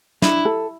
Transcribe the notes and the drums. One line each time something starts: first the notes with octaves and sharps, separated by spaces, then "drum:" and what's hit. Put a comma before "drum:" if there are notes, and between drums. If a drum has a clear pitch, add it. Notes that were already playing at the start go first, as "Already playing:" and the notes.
D4 E4, drum: snare
A4